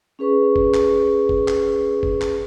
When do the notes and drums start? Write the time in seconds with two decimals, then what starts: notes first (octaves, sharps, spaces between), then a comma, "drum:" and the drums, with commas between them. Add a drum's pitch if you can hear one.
0.19 C#4 G#4 B4 C#6
0.56 drum: kick F#1
0.74 drum: clap
1.29 drum: kick F#1
1.48 drum: clap
2.03 drum: kick F#1
2.21 drum: clap